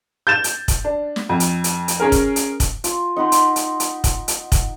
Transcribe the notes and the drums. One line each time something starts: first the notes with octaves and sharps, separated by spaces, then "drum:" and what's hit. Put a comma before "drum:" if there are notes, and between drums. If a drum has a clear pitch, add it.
G6 A6 E7
drum: hi-hat
drum: kick, hi-hat
D4
drum: snare
F2
drum: hi-hat
drum: hi-hat
drum: hi-hat
C#4 G#4 A#4
drum: kick, hi-hat
drum: hi-hat
drum: kick, hi-hat
F4, drum: hi-hat
D#4 F#5 B5 C6
drum: hi-hat
drum: hi-hat
drum: hi-hat
drum: kick, hi-hat
drum: hi-hat
drum: kick, hi-hat